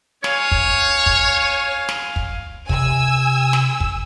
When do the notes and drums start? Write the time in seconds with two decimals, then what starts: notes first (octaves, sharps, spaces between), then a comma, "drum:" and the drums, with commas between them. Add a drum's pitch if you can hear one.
0.24 C#5 F5 G#5, drum: snare
0.51 drum: kick
1.06 drum: kick
1.89 drum: snare
2.16 drum: kick
2.69 C3 G#5 E6, drum: kick
3.53 drum: snare
3.80 drum: kick